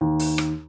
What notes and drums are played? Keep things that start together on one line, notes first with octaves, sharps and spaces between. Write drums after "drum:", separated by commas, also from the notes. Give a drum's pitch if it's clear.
D#2
drum: open hi-hat
drum: rim click